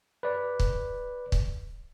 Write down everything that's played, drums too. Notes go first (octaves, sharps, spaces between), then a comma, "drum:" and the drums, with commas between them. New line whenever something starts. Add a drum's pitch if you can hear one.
B4 D5
drum: kick
drum: kick